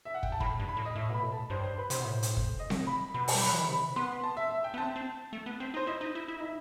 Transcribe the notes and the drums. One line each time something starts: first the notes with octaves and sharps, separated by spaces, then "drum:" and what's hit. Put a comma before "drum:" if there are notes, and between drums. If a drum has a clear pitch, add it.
E5
F#5
G5, drum: kick
A5
A2 B5, drum: kick
G2
B5
A2
D#5
A2 E5
B2 B5
A2
A5
G2 C5
C5
B4
C3 C5, drum: hi-hat
B2
A2
drum: hi-hat
drum: kick
D#5
drum: snare C4
B5
B2 B5
A5, drum: open hi-hat
G3
F#3 B5
E3 B5
D#3
C3 B5
B3 C6
A5
E5
E5
G5
B3
C4 A5
C4
A3
B3
C4
D#4
C5
E4 D#5
D#4
E4
E4
D#4 E5